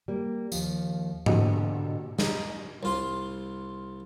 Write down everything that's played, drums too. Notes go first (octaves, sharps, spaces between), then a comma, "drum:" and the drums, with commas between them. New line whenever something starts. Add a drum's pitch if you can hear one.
G3 A#3
D#2 F3, drum: tambourine
B2 D3 F#4 G4 D#5, drum: tom G#2
D#4, drum: snare
C2 F4 C6